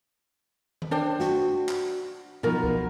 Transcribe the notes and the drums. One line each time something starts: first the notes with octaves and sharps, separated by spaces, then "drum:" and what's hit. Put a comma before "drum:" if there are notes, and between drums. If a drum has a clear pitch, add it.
drum: tom D#3
D4 C5 G5
F#4, drum: snare
drum: clap
B2 F3 D#4 F4 A#4
drum: kick C2